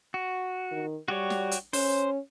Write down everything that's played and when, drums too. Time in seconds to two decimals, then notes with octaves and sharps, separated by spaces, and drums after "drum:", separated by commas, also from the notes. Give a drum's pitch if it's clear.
0.14 F#4
0.71 D#3
1.08 G3 F#4 G4 C#5
1.30 drum: snare
1.51 drum: hi-hat
1.73 C#4 C5, drum: open hi-hat